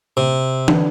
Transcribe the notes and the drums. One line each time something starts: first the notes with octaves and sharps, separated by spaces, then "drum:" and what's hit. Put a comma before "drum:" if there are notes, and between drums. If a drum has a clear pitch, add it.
C3
D3 D4 B4, drum: tom